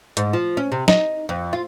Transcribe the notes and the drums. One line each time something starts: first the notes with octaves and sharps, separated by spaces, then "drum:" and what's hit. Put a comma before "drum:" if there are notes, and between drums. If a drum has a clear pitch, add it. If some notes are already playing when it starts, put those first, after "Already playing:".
G#2, drum: hi-hat
F3
C#4
C3
D#4, drum: snare
F2
F4